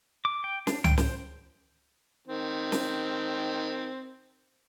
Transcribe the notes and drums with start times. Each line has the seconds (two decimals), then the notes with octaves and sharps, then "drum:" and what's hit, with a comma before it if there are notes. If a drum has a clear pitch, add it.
0.25 D6
0.44 G5
0.67 D4, drum: snare
0.84 G5, drum: tom C#2
0.98 C5, drum: snare
2.27 D#3 C4
2.72 drum: snare